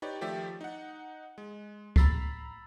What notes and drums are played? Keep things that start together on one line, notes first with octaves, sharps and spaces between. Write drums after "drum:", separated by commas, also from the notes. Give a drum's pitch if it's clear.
D#4 G4 B4 C#5 D5
D#3 F3 A3 G4 D5 E5
D#4 F#5
G#3
A#5 B5 E6 A6 B6 C7, drum: kick C#2